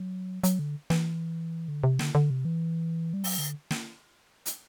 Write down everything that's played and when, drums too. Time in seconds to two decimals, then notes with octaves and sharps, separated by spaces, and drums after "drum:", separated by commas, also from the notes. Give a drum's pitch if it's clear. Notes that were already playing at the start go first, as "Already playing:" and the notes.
Already playing: F#3
0.43 F#3, drum: hi-hat
0.59 D3
0.90 E3, drum: snare
1.68 D3
1.84 C3
1.99 D3, drum: snare
2.15 D3
2.30 C3
2.45 E3
3.14 G3
3.24 F#3, drum: open hi-hat
3.38 D3
3.71 drum: snare
4.46 drum: hi-hat